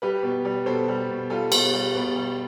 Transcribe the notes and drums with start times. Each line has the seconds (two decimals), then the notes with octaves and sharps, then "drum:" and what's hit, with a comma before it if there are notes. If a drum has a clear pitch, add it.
0.02 G3 G4 B4
0.23 B2
0.45 G3
0.66 B2 A4 C5
0.88 G3
1.10 B2
1.30 G3 F4 A4
1.52 B2, drum: cymbal
1.74 G3
1.95 B2
2.16 G3